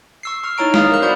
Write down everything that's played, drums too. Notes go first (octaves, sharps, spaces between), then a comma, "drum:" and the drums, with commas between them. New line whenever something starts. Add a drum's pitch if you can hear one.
C#6 E6 C7
C#6 F6
D#4 E4 C#5 A#5 D7
F5 A#5 C#6 D#6 F6, drum: snare
A#4 F5 F#6
C4 F#4 C5 D5 B5 G6